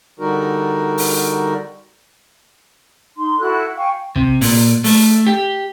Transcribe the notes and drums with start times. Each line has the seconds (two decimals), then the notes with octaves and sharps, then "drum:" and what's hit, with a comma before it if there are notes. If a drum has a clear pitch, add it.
0.20 D3 G3 D#4 F#4 A#4
0.98 drum: open hi-hat
3.16 D#4 C6
3.39 E4 F#4 A4 F#6
3.76 F5 G5 G#5 C#6
4.16 C3, drum: kick
4.41 A#2, drum: open hi-hat
4.84 A3, drum: open hi-hat
5.27 G4